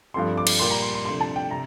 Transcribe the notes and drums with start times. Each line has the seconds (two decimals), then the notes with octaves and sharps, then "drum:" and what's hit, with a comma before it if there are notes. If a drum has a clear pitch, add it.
0.14 G2 F3 A3 C4 C6
0.38 D6
0.47 drum: cymbal
0.59 A#2 G3 A#3 C6
0.71 A#5
0.82 C6
0.94 C6
1.05 C3 F3 A3 D4 C6
1.21 A5
1.36 G5
1.50 C3 A#5